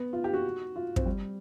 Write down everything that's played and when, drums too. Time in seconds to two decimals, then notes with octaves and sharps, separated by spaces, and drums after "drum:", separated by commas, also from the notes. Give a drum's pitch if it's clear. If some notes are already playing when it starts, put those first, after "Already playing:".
Already playing: B3
0.13 F4
0.24 G4
0.34 F#4
0.76 F4
0.96 C4, drum: kick
1.05 G3